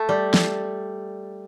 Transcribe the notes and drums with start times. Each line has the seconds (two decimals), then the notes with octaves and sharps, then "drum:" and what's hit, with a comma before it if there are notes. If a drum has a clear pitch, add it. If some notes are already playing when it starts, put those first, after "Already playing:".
Already playing: A3
0.09 G3
0.34 drum: snare